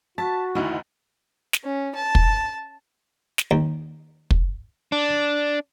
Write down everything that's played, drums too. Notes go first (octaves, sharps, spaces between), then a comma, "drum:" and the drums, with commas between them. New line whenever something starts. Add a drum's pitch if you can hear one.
F#4 A5 A6 B6
F#1 D2 D#3 E4 A#5
drum: snare
C#4
A5
drum: kick
drum: snare
D#2
drum: kick
D4